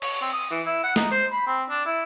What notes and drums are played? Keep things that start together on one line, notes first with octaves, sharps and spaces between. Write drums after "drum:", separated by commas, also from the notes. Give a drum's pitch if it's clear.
C#5, drum: cymbal
C4
D#6
E3
E4
F#5
D#4, drum: snare
C5
B5
C4
D4
E4